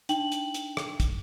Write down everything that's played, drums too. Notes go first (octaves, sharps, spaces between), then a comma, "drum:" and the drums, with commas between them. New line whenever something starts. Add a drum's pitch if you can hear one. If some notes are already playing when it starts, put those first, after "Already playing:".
D4 D#4 G5 F#7, drum: hi-hat
drum: hi-hat
drum: hi-hat
drum: rim click
drum: kick, hi-hat